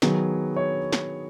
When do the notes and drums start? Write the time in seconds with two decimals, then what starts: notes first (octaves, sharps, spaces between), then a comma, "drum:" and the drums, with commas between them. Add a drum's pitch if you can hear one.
0.02 D#3 F#3 B3 G#4, drum: snare
0.56 C#5
0.92 drum: snare